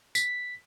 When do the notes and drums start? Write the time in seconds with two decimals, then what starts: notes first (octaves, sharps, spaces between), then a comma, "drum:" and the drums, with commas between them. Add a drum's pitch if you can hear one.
0.15 B6, drum: tambourine